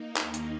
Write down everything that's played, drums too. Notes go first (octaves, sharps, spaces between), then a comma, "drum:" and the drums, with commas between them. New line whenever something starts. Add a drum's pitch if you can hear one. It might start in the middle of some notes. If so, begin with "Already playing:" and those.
Already playing: A#3 D#4
D#2 D#3, drum: clap
drum: hi-hat